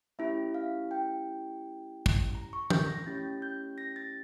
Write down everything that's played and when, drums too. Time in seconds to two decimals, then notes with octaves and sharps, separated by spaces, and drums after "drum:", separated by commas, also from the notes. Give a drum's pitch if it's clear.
0.19 A3 C#4 E4 G4 E5
0.54 F5
0.91 G5
2.06 drum: kick
2.35 A#5
2.53 C#6
2.70 G6, drum: tom E3
2.88 A#6
3.06 A3 C#4 E4 G4 A6
3.42 G6
3.78 A#6
3.96 A6